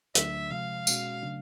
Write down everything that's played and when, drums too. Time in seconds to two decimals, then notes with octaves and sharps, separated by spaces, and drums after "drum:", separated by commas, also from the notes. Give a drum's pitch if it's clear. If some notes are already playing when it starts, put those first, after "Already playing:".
0.15 D2 D3 F#3 A3 D4 E5, drum: hi-hat
0.51 C3 F3 G#3 F5
0.87 B2 G#3 C#4 F#4, drum: tambourine
1.23 C#3 F#3 A3 D4